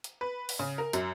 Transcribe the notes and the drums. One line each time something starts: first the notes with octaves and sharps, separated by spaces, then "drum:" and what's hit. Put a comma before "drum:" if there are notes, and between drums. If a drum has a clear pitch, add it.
drum: hi-hat
B4
drum: open hi-hat
C#3
A#4
F#2, drum: hi-hat